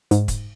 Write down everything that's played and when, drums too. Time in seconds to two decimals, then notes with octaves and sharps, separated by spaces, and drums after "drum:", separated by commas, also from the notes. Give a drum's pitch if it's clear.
0.11 G#2, drum: hi-hat
0.28 drum: kick, hi-hat